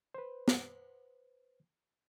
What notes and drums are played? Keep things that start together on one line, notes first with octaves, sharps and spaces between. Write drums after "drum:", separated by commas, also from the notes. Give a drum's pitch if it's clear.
B4 C5
drum: snare